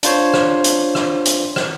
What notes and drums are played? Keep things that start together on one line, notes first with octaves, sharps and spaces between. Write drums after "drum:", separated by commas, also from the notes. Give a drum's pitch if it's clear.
D4 F4 C5 C#5, drum: hi-hat
drum: rim click
drum: hi-hat
drum: rim click
drum: hi-hat
drum: rim click